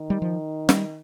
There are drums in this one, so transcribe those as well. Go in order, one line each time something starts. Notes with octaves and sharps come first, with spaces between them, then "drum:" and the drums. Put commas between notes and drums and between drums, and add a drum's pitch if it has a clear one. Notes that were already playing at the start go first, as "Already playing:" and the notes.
Already playing: D#3
G3
F3
G3, drum: snare